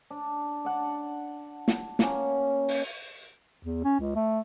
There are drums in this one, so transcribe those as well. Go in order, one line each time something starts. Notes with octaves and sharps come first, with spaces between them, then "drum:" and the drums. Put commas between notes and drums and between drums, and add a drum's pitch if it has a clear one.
D4
D4 F#5 A5
drum: snare
A#3 C#4, drum: snare
drum: open hi-hat
E2
C#4
C#2
A3